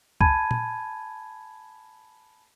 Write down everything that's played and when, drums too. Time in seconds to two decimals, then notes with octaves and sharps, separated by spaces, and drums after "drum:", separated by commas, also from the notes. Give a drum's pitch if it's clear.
0.21 G#5 A5 B5 G#6 D#7, drum: kick
0.51 drum: tom A#2